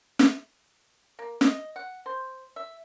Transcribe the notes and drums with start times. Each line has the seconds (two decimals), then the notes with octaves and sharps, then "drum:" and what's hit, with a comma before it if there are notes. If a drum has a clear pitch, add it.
0.19 drum: snare
1.19 A#3
1.41 D#5, drum: snare
1.76 F#5
2.06 C5
2.56 E5